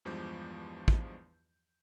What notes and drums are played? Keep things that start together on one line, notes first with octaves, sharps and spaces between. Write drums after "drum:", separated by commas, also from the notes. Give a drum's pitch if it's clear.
E2 G2 F3 G#3 D6 G6
drum: kick